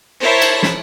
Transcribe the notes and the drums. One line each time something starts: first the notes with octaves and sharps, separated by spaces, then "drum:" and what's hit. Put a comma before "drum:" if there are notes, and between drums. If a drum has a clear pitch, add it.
E4 A#4 C5 C#5 E5 A5
drum: cymbal
drum: snare